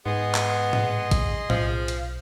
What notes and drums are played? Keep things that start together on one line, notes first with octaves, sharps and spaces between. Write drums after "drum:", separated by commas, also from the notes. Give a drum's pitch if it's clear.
G#2 B3 G#4 D#5 C6
drum: clap
drum: tom A2
drum: kick, hi-hat
B1 F3, drum: tom A2
drum: hi-hat